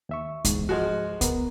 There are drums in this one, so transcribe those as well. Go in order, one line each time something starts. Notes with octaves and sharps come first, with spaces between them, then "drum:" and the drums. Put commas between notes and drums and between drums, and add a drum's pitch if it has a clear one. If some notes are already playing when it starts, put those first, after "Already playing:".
D#2 E5 C#6
E2 G#2, drum: kick C#2, hi-hat
F3 G#3 F#4
B3 A#4, drum: kick C#2, hi-hat